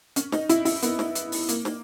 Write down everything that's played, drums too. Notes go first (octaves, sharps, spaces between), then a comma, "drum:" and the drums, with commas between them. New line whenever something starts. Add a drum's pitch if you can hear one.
C#4, drum: hi-hat
D#4, drum: snare
E4, drum: hi-hat
E4, drum: open hi-hat
B3, drum: hi-hat
drum: snare
drum: hi-hat
drum: open hi-hat
A#3, drum: hi-hat
drum: snare